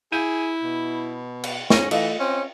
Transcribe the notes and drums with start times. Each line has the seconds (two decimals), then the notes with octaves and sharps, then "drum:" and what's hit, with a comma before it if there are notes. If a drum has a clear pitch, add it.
0.12 E4 G#4 G6 D#7
0.63 B2
1.44 drum: cymbal
1.70 G#2 C#4 C#6 A#6 D#7, drum: snare
1.91 E3 A3 F4 D#5, drum: cymbal
2.19 C4 C#4